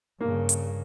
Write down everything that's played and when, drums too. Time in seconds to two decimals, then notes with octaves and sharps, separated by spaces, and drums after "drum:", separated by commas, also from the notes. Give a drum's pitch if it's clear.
0.21 G2 C#3 A#3
0.49 drum: hi-hat